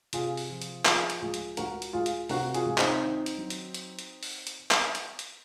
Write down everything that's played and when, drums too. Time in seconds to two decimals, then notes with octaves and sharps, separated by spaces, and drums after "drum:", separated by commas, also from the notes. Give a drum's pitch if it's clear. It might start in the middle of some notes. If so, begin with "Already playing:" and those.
0.13 C3 F4 G#4, drum: hi-hat
0.37 drum: open hi-hat
0.50 F3
0.62 drum: hi-hat
0.85 F3 F4 G#4, drum: clap
1.10 drum: hi-hat
1.21 C#2 F4 G#4
1.34 drum: hi-hat
1.57 C#2 F#4 A#4, drum: hi-hat
1.82 drum: hi-hat
1.93 C#2 F4 G#4
2.06 drum: hi-hat
2.29 C3 F#4 A#4, drum: open hi-hat
2.54 F4 G#4, drum: hi-hat
2.66 C#2
2.78 C4 D#4, drum: clap
3.03 D#3
3.26 drum: hi-hat
3.38 F#3
3.50 drum: hi-hat
3.74 drum: hi-hat
3.99 drum: hi-hat
4.23 drum: open hi-hat
4.47 drum: hi-hat
4.71 drum: clap
4.95 drum: hi-hat
5.19 drum: hi-hat